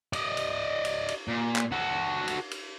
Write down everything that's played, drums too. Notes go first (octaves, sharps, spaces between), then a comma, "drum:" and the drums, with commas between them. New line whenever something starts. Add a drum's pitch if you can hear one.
D5 D#5, drum: cymbal
drum: cymbal
drum: cymbal
drum: cymbal
A#2
drum: clap
F#4 A4
drum: cymbal
drum: cymbal